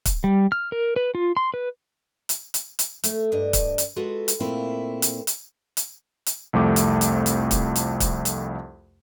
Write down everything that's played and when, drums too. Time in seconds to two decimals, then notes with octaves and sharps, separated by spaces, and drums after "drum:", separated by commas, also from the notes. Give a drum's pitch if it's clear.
0.05 drum: kick, hi-hat
0.24 G3
0.52 F6
0.72 A#4
0.96 B4
1.15 F4
1.37 C6
1.54 B4
2.29 drum: hi-hat
2.54 drum: hi-hat
2.79 drum: hi-hat
3.04 A3, drum: hi-hat
3.32 G2 D4 D#5
3.53 drum: kick, hi-hat
3.78 drum: hi-hat
3.96 G#3 B3 F4 F#4 A4
4.28 drum: hi-hat
4.40 A#2 A3 A#3 C4 E4 F4
5.02 drum: hi-hat
5.27 drum: hi-hat
5.77 drum: hi-hat
6.26 drum: hi-hat
6.53 C2 F2 A3 D6
6.76 drum: hi-hat
7.01 drum: hi-hat
7.26 drum: hi-hat
7.51 drum: kick, hi-hat
7.76 drum: hi-hat
8.00 drum: kick, hi-hat
8.25 drum: hi-hat